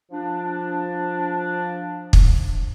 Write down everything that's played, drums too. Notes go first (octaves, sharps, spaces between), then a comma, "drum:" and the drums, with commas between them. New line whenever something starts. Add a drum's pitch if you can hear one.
F3 D4
drum: kick